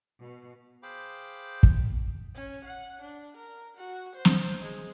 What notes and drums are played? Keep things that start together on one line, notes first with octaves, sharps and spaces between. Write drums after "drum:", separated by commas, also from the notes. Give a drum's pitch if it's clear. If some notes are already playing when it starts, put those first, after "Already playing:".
B2
G#4 C5 F5 G5 B5 D6
drum: kick
C#4
F#5
D4
A#4
F#4
C5
drum: snare
G#3